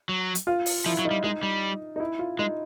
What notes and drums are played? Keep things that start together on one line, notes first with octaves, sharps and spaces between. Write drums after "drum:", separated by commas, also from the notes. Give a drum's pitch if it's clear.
F#3
drum: hi-hat
F4
drum: open hi-hat
F3 E4
F#3
D#4
G3
G#3 D#4
G3
D#4
E4
F4
G#3 D#4